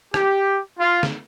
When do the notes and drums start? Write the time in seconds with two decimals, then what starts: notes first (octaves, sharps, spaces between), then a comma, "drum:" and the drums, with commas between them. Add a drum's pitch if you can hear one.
0.14 G4, drum: rim click
0.79 F4
1.03 drum: snare